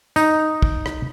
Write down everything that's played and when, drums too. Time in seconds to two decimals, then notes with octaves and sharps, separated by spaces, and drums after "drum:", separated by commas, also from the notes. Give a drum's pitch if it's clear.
0.16 D#4, drum: tambourine
0.62 drum: kick
0.86 drum: rim click